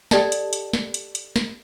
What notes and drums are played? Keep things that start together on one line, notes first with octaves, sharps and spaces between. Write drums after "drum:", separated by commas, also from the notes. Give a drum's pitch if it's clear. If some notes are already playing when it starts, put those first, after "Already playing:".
G4 A4 D5 D#5 G5 A5, drum: snare
drum: hi-hat
drum: hi-hat
drum: snare
drum: hi-hat
drum: hi-hat
drum: snare